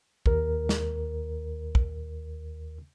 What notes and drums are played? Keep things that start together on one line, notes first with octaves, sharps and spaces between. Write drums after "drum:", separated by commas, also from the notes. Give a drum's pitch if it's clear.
D#2 A#4, drum: kick
drum: snare
drum: kick